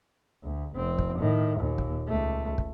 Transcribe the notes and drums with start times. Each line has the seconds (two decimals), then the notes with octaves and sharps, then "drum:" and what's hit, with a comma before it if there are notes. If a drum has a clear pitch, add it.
0.44 D2
0.76 F1 C4
0.99 drum: kick
1.18 A2 D#3
1.58 D#2 A#2
1.78 drum: kick
2.08 C#2 A3
2.58 drum: kick